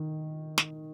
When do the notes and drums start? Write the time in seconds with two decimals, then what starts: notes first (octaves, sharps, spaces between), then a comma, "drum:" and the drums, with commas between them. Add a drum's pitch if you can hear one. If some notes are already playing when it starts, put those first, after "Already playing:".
Already playing: D#3
0.58 drum: snare